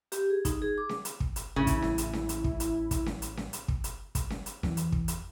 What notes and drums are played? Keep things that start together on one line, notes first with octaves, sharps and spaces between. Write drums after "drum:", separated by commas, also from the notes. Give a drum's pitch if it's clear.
G4, drum: hi-hat
G#4
D#4, drum: kick, hi-hat
G#4
D6
drum: snare C#4
drum: hi-hat
drum: kick
drum: hi-hat
A1 C#3 E4
drum: kick, hi-hat
drum: snare C#4
drum: hi-hat
drum: snare C#4
drum: hi-hat
drum: kick
drum: hi-hat
drum: kick, hi-hat
drum: snare C#4
drum: hi-hat
drum: snare C#4
drum: hi-hat
drum: kick
drum: hi-hat
drum: kick, hi-hat
drum: snare C#4
drum: hi-hat
E2 E3, drum: snare C#4
drum: hi-hat
drum: kick
drum: hi-hat